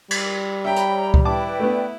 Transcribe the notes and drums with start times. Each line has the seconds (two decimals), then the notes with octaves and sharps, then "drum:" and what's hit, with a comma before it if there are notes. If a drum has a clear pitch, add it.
0.11 G3, drum: cymbal
0.65 C#5 E5 G5 A#5 B5
0.76 drum: hi-hat
1.14 drum: kick C#2
1.25 E4 B4 D5 G5 A5 D6
1.59 A3 B3